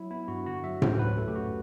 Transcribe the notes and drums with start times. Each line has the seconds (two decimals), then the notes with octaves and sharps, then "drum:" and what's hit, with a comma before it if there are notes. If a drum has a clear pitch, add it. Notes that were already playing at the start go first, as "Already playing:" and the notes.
Already playing: F#3 E4
0.11 B3 E4
0.28 G2 F#4
0.46 D3 F#4
0.64 F#3 E5
0.82 D2 C5, drum: tom A2
0.99 F#3 B4
1.18 A3 A4
1.28 G4
1.35 F#2 F#4